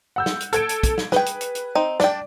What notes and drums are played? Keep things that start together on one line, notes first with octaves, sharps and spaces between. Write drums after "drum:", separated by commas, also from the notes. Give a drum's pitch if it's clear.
F#5 E6 G6
drum: snare
drum: hi-hat
A4 G#6 D7, drum: hi-hat
drum: hi-hat
drum: kick, hi-hat
drum: snare
G#4 B4 G5, drum: snare
drum: hi-hat
drum: hi-hat
drum: hi-hat
C4 D#4
D4 D5 G5, drum: snare